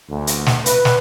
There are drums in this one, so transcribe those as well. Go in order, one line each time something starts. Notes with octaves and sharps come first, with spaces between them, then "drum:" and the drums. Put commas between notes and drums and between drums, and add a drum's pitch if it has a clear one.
D2
drum: hi-hat
drum: snare
B4, drum: hi-hat
drum: snare